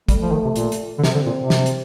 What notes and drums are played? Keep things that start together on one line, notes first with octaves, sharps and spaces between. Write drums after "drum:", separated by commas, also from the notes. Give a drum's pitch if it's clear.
G3 A3, drum: kick, hi-hat
F3
D#3
C3
A#2, drum: hi-hat
drum: hi-hat
D3
C3 C4, drum: snare
D3
A#2
C3
drum: snare
drum: hi-hat